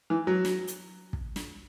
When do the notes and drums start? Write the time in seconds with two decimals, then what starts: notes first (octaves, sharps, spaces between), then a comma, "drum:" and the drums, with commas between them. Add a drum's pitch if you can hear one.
0.10 E3
0.27 F#3
0.45 drum: snare
0.67 drum: hi-hat
1.13 drum: kick
1.36 drum: snare